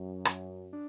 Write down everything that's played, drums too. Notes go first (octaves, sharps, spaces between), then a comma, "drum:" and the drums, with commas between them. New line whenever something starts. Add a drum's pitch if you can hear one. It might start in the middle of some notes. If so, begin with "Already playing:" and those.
Already playing: F#2
drum: rim click
D4